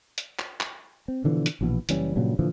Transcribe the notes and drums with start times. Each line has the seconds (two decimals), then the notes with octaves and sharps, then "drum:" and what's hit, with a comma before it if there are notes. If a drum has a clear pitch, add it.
0.18 drum: hi-hat
0.39 drum: clap
0.60 drum: clap
1.08 C4
1.24 B2 D3 E3 F3
1.46 drum: hi-hat
1.61 A#1 B2 E3 B3
1.89 F#1 E3 G3 C#4, drum: hi-hat
2.16 G2 A#2 C#3 F#3
2.39 A#2 D3 E3 F3